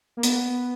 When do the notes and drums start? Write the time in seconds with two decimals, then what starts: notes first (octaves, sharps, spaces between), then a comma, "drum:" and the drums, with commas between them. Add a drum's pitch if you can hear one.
0.17 A#3
0.23 B3, drum: hi-hat